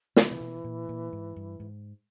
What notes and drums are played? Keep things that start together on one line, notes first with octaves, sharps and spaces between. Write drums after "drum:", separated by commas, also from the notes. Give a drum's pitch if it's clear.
C3 E3, drum: snare
C3
B2
A#2
A#2
G#2
G2
G#2